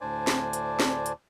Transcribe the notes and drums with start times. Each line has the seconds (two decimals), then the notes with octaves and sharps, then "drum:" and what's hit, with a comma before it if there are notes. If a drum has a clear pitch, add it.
0.01 D2 A2 D4 C5 D5 G#5
0.27 drum: snare
0.53 drum: hi-hat
0.80 drum: snare
1.06 drum: hi-hat